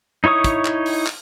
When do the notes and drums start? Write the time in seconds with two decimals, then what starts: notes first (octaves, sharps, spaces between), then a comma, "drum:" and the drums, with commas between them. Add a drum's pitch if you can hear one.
0.24 D#4 E4 C#5 C#6 D#6
0.44 drum: kick, hi-hat
0.65 drum: clap
0.86 drum: open hi-hat
1.07 drum: clap